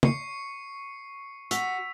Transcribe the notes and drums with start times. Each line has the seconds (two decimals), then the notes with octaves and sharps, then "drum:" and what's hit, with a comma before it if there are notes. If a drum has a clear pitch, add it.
0.03 C#6 C7 C#7, drum: tom
1.51 F#4 E6 B6 F7, drum: hi-hat